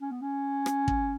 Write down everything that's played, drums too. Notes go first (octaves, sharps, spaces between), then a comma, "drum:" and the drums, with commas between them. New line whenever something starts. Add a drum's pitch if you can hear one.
C#4
B3
C#4
drum: rim click
drum: kick